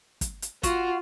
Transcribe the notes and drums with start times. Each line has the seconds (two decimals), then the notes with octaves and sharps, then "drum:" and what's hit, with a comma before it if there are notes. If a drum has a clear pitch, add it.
0.21 drum: kick, hi-hat
0.42 drum: hi-hat
0.63 F4 F#4, drum: kick, hi-hat